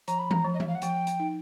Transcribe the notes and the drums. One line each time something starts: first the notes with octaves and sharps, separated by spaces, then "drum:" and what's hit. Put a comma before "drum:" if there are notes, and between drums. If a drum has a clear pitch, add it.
F3 A#5, drum: hi-hat
B5
A#5, drum: tom E3
F3
D#5
E5, drum: tom E3
F5
F#5
F3 G5, drum: hi-hat
drum: hi-hat
D#4